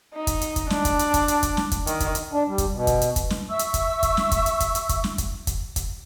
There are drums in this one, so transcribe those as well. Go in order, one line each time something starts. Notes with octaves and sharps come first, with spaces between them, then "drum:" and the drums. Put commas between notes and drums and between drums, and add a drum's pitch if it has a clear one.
D#4
drum: kick, hi-hat
drum: hi-hat
drum: kick, hi-hat
D4, drum: snare
drum: kick, hi-hat
drum: hi-hat
drum: kick, hi-hat
drum: hi-hat
drum: kick, hi-hat
drum: snare
drum: kick, hi-hat
D#3, drum: hi-hat
drum: kick, hi-hat
drum: hi-hat
D4
G3
drum: kick, hi-hat
B2
drum: kick, hi-hat
drum: hi-hat
drum: kick, hi-hat
drum: snare
E5 C#6 E6
drum: hi-hat
drum: kick, hi-hat
drum: kick, hi-hat
drum: snare
drum: kick, hi-hat
drum: hi-hat
drum: kick, hi-hat
drum: hi-hat
drum: kick, hi-hat
drum: snare
drum: kick, hi-hat
drum: kick, hi-hat
drum: kick, hi-hat